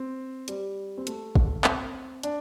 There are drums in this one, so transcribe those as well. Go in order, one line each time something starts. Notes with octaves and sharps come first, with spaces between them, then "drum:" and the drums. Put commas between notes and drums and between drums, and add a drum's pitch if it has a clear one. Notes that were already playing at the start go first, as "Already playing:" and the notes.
Already playing: C4
G3, drum: hi-hat
C4
A3, drum: hi-hat
drum: kick
C4, drum: clap
D4, drum: hi-hat